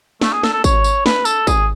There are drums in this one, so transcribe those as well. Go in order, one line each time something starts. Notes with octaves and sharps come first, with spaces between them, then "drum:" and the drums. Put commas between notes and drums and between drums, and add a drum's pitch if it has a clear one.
A3, drum: snare
G#4
A4, drum: snare
A4
C#5, drum: kick G#1, tambourine
drum: tambourine
B4, drum: snare
A4, drum: tambourine
G#4, drum: kick G#1, tambourine